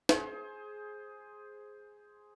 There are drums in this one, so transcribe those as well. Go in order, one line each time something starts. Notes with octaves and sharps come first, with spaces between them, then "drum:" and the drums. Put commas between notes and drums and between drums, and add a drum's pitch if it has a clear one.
G#4 C5, drum: snare